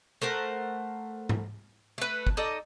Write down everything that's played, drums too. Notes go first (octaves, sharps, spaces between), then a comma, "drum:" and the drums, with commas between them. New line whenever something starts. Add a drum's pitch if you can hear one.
A3 A#4 C5 F#5
drum: tom G#2
A3 B4
drum: kick G1
D#4 A4 D5 D#5